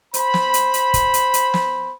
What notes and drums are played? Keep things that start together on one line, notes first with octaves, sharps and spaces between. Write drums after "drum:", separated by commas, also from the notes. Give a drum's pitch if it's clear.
C5 B5, drum: hi-hat
drum: snare
drum: hi-hat
drum: hi-hat
drum: kick, hi-hat
drum: hi-hat
drum: hi-hat
drum: snare